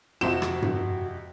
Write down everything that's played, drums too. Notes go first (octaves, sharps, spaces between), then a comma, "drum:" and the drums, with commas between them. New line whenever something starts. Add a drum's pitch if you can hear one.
F2 C3 F3 C4 F#4 G6 E7
drum: rim click
drum: tom G2